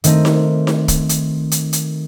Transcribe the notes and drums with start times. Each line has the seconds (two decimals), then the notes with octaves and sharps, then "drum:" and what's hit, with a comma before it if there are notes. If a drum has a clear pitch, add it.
0.04 D#3 A3 C4 D#4, drum: hi-hat
0.25 drum: snare D#4
0.67 drum: snare D#4
0.88 drum: kick, hi-hat
1.09 drum: hi-hat
1.51 drum: hi-hat
1.73 drum: hi-hat